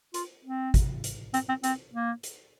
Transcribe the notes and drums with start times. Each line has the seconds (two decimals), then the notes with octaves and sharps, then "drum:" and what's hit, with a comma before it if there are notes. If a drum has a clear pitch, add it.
0.14 F4, drum: hi-hat
0.45 C4
0.74 drum: kick, hi-hat
1.04 drum: hi-hat
1.34 C4, drum: hi-hat
1.49 C4
1.64 C4, drum: hi-hat
1.93 A#3
2.23 drum: hi-hat